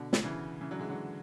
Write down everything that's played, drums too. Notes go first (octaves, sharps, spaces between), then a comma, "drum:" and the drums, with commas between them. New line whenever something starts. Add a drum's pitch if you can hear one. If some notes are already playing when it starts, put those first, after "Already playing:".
Already playing: B2 D3
drum: snare
C#3 E3
C#3 E3
D3 F#3
E3 G#3
D3 F#3